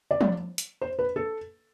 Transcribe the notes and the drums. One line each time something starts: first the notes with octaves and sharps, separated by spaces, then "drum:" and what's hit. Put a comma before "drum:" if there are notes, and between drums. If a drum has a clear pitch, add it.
D5
drum: tom F3
drum: hi-hat
C5
B4
A4